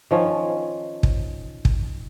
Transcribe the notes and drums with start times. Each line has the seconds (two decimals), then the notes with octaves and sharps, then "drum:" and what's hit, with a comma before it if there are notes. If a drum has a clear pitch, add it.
0.11 D#3 F3 C#4
1.03 drum: kick
1.65 drum: kick